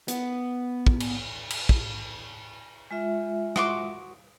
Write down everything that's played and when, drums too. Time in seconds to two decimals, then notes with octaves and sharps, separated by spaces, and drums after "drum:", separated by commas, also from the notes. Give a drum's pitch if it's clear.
0.08 B3, drum: hi-hat
0.87 drum: kick
1.00 drum: cymbal
1.50 drum: cymbal
1.69 drum: kick
2.91 G#3 F4 E5
3.56 F#4 C6 D6, drum: rim click